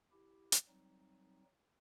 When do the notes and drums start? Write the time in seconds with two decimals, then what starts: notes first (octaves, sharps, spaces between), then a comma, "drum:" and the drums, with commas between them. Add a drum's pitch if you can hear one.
0.12 E4 G4
0.52 drum: hi-hat
0.68 F#3 G3 C4 D#4